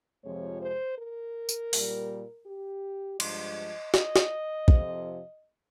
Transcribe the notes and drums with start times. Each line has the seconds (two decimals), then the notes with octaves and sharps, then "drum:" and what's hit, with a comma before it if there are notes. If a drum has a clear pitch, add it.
0.24 F2 C3 F3 G#3 C#5
0.61 C5
0.98 A#4
1.49 drum: tambourine
1.73 A#2 G3, drum: open hi-hat
2.46 G4
3.20 G2 F3 G#3 D#5, drum: cymbal
3.94 D#5, drum: snare
4.16 drum: snare
4.68 F2 C3 F3, drum: kick